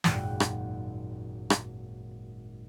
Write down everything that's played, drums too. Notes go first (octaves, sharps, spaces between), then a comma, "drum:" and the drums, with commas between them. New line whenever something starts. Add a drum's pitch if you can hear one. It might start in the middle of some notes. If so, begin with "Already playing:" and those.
G#1 F#2 A#2 F#5 G5, drum: snare
drum: rim click
drum: rim click